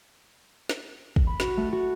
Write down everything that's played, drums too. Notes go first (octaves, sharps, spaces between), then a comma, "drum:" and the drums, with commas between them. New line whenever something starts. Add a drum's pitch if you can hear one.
drum: snare
drum: kick
B5
F#4, drum: snare
A3
F#4